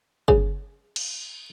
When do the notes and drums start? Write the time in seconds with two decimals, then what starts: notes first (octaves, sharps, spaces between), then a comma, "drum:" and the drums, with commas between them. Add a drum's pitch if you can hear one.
0.28 C#3, drum: kick
0.96 drum: cymbal